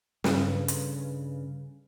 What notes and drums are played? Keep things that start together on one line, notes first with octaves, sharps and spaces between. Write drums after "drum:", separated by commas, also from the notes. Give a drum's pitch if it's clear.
G2 C#3 A4 B4 F5 G#5, drum: snare
drum: hi-hat